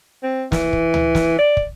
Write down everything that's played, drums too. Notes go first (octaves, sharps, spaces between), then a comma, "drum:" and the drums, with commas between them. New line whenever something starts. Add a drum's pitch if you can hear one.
C4
E3, drum: snare
drum: kick
drum: tom C#2
drum: snare
D5
drum: kick